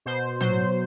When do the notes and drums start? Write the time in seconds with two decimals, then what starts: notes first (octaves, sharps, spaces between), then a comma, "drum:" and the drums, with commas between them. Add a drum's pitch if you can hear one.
0.06 B2 C5
0.41 F#3 C5, drum: tom